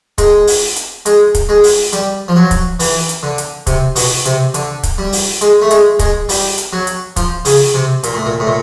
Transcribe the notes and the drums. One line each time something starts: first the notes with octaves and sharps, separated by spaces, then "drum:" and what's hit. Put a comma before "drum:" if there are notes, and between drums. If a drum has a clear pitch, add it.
G#3, drum: kick, hi-hat
drum: open hi-hat
drum: hi-hat
G#3, drum: hi-hat
drum: kick, hi-hat
G#3
drum: open hi-hat
G3, drum: hi-hat
F3
F#3
drum: kick, hi-hat
E3, drum: open hi-hat
drum: hi-hat
D3
drum: hi-hat
C3, drum: kick, hi-hat
B2, drum: open hi-hat
C3, drum: hi-hat
D3, drum: hi-hat
drum: kick, hi-hat
G3
drum: open hi-hat
G#3, drum: hi-hat
A3
G#3, drum: hi-hat
G#3, drum: kick, hi-hat
G3, drum: open hi-hat
drum: hi-hat
F#3
drum: hi-hat
F3, drum: kick, hi-hat
C#3, drum: open hi-hat
C3
A#2, drum: hi-hat
A2
A#2
A2
A#2